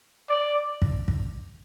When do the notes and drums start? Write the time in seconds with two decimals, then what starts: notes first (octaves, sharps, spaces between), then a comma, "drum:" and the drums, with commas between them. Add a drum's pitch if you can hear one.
0.30 D5
0.82 drum: kick
1.08 drum: kick